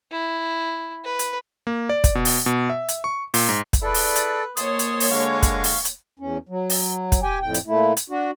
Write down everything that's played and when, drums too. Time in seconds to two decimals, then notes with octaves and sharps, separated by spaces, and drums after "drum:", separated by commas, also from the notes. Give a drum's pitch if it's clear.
0.11 E4
1.04 B4
1.19 drum: hi-hat
1.67 A#3
1.89 D5
2.04 drum: kick, hi-hat
2.15 B2
2.25 drum: open hi-hat
2.46 B2
2.70 E5
2.88 drum: hi-hat
3.04 C#6
3.34 A#2, drum: open hi-hat
3.49 G#2
3.73 drum: kick, hi-hat
3.82 E4 G#4 A4 B4 D5
3.94 drum: open hi-hat
4.16 drum: hi-hat
4.57 F2 A#3 C#5 A5 C6 D#6, drum: hi-hat
4.79 drum: hi-hat
5.00 drum: open hi-hat
5.11 D3 G#3 F5 F#5 G#5 C#6
5.43 drum: kick, hi-hat
5.64 drum: open hi-hat
5.85 drum: hi-hat
6.19 E2 C#4
6.49 F#3
6.70 drum: open hi-hat
7.12 drum: kick, hi-hat
7.23 G4 G5 G#5
7.42 F2 A2 G5
7.54 drum: hi-hat
7.67 A#2 A3 E4
7.97 drum: hi-hat
8.10 D4 F#4